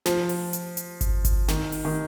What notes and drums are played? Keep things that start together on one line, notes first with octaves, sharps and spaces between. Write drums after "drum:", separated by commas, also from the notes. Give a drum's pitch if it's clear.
F3, drum: snare
drum: open hi-hat
drum: hi-hat
drum: hi-hat
drum: kick G1, hi-hat
drum: kick G1, hi-hat
D#3, drum: snare
drum: open hi-hat
D#3